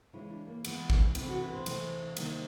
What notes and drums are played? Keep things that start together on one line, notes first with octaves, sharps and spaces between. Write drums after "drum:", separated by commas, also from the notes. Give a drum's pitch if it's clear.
C#3 E3 G#3 E4
D4
A#3
C#3 E3 G#3 B3, drum: cymbal
drum: kick G#1
C3 E3 A3 C4, drum: cymbal
F#4
B4
C5
C3 E3 A3, drum: cymbal
C3 D#3 G3 A#3, drum: cymbal